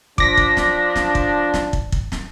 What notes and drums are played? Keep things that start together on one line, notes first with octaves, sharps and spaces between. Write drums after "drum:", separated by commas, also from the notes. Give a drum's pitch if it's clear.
F3 D4 D6 A#6 B6, drum: kick
drum: kick
drum: snare
drum: snare
drum: kick
drum: snare
drum: kick
drum: kick
drum: snare